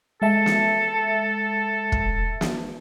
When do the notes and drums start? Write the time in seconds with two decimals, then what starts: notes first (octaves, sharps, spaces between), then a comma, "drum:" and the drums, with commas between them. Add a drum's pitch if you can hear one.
0.22 G#3 A4 E5 A5
0.46 drum: snare
1.92 drum: kick
2.41 drum: snare